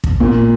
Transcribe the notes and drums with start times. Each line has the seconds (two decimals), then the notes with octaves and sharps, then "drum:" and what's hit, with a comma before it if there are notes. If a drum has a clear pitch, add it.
0.04 drum: kick
0.20 A#2